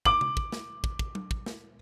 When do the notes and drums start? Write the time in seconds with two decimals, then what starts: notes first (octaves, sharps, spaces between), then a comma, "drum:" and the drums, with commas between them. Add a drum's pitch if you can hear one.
0.05 D6 F#7, drum: kick
0.21 drum: tom C3
0.37 drum: kick
0.52 drum: snare
0.84 drum: kick
0.99 drum: kick
1.15 drum: tom F#3
1.31 drum: kick
1.46 drum: snare